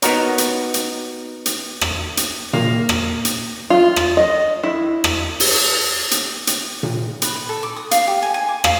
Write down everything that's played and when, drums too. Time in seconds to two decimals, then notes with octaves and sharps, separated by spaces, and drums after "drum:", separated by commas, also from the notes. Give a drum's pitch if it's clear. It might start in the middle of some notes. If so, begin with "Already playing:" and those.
0.02 B3 D#4 F#4 A#4 C#5, drum: hi-hat
0.38 drum: hi-hat
0.74 drum: hi-hat
1.46 drum: hi-hat
1.81 drum: rim click
2.17 drum: hi-hat
2.53 A#3, drum: tom A#2
2.89 drum: rim click
3.25 drum: hi-hat
3.70 F4
3.96 drum: rim click
4.17 D#5
4.63 E4
5.04 drum: rim click
5.40 drum: open hi-hat
6.11 drum: hi-hat
6.47 drum: hi-hat
6.83 drum: tom A#2
7.22 B4, drum: hi-hat
7.36 B4
7.49 A4
7.63 D6
7.76 D#6
7.91 F5, drum: hi-hat
8.07 G4
8.22 G#5
8.34 G#5
8.48 D6
8.64 F5, drum: rim click